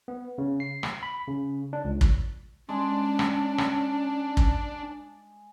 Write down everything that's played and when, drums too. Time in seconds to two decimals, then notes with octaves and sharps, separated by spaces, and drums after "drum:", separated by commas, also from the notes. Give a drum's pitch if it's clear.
0.08 B3
0.38 C#3
0.60 C7
0.83 drum: rim click
1.03 B5
1.28 C#3
1.73 D4
1.85 C#2
2.01 drum: kick
2.69 G#3 C#4 D4 A5
3.19 drum: rim click
3.58 drum: rim click
4.37 drum: kick